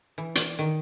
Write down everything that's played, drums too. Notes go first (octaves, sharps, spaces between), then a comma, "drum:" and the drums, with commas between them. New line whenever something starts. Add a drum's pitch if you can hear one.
E3
D5, drum: hi-hat
D#3